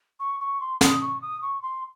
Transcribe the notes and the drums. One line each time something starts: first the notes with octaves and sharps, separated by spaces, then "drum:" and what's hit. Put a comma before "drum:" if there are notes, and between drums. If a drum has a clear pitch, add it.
C#6
C#6
C6
D#6, drum: snare
C#6
D#6
C#6
C6